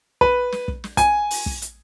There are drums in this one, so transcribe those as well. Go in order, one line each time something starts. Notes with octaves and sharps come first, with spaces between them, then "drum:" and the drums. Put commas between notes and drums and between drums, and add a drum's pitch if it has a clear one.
B4, drum: kick
drum: snare
drum: kick
drum: snare
G#5, drum: kick, hi-hat
drum: open hi-hat
drum: kick
drum: hi-hat